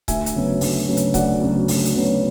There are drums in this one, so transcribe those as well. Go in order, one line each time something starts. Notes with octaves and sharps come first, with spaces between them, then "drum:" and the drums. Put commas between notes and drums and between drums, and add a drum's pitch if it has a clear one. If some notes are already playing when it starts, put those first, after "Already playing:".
D2 E5 G#5, drum: kick C#1, hi-hat
drum: hi-hat
C#3 F#3 B3
D2, drum: open hi-hat
C#3 F#3 B3
drum: hi-hat
D2 D5 F#5, drum: kick C#1, hi-hat
C#3 F#3 B3
D2, drum: open hi-hat
drum: hi-hat
C#3 F#3 B3